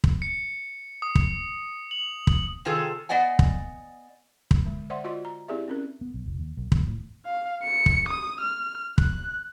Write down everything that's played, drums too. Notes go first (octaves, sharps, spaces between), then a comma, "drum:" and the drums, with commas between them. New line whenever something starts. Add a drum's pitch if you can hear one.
drum: kick
C#7
D#6
drum: kick
F#7
drum: kick
C3 D#3 F4 G#4 A4
B3 D5 D#5 F#5 G#5
drum: kick
drum: kick
D3 G#3
C5 D5 E5 F#5 C6
F4 F#4 D5 D#5 C6
A#5
C4 E4 G4 G#4 D5 E5
C4 C#4 A#4
B3
B1
F1
D#2
B1
D#2, drum: kick
A2
F5
C#7
drum: kick
D#6
F6
F#6, drum: kick